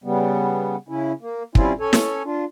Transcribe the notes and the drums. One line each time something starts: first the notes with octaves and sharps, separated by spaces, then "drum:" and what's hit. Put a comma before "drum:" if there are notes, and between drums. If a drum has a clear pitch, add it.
C#3 G3 B3
C#3 C#4 E4
A#3
G3 C4 C#4 E4 F4, drum: kick
C#4 A4 C#5 G#5
drum: snare
D4 F4